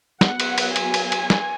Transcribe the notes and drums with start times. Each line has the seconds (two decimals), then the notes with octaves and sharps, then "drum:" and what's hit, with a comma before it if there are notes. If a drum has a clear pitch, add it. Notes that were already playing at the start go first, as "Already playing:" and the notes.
0.21 F#3 B3 F#5, drum: snare
0.40 drum: cymbal
0.58 drum: cymbal
0.76 G#5, drum: cymbal
0.94 drum: cymbal
1.12 drum: cymbal
1.30 drum: snare